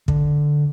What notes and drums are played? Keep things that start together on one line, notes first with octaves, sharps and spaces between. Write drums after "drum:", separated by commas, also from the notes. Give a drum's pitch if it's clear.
D3, drum: kick